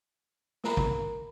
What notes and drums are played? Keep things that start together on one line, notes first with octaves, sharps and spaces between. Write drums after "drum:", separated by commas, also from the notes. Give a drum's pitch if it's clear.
A#4 A#5 B5, drum: snare
drum: kick